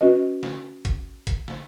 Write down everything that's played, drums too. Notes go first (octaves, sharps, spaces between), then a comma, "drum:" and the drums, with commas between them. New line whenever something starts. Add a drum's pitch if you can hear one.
C#4 F#4 B4 D#5
drum: snare
drum: kick G1, hi-hat
drum: kick G1, hi-hat
drum: snare